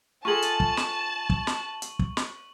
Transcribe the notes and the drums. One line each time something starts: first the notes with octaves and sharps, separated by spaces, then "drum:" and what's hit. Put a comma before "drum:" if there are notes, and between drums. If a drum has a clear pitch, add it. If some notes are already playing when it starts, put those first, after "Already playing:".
F4 G#4 A4 A5 C#6 F#7
drum: hi-hat
drum: kick
drum: snare
drum: kick
drum: snare
drum: hi-hat
drum: kick
drum: snare